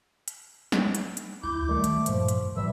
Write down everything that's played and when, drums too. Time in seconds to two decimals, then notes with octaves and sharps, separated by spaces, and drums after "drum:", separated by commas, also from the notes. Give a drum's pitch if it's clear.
0.28 drum: hi-hat
0.72 drum: snare
0.95 drum: hi-hat
1.17 drum: hi-hat
1.43 D2 E4 D6 G6
1.69 D#3 G3 A3
1.84 drum: hi-hat
2.06 G2 A#2 F3, drum: hi-hat
2.28 drum: hi-hat
2.56 G#2 B2 E3 G3 E5